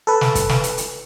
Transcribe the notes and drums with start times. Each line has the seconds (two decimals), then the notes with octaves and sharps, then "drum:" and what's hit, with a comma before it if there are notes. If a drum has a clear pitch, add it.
0.07 A4 B4
0.21 drum: snare
0.35 drum: kick, hi-hat
0.49 drum: snare
0.64 drum: hi-hat
0.78 drum: hi-hat